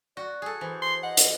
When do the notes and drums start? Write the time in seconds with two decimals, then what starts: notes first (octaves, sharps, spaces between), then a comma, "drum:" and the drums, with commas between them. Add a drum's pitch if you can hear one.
0.17 F#4 D5
0.42 G#4 A4
0.61 E3 C5
0.82 C6
1.03 D#5 F#5
1.17 drum: hi-hat